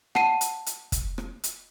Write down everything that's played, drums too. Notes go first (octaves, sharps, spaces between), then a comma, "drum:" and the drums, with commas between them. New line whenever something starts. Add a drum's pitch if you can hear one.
F#5 A5 C7 D#7, drum: rim click
drum: hi-hat
drum: hi-hat
drum: kick, hi-hat
drum: rim click
drum: hi-hat